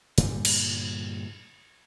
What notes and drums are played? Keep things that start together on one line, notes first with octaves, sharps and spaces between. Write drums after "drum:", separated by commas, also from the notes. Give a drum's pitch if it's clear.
G2 A#2 D3 G3, drum: hi-hat
drum: cymbal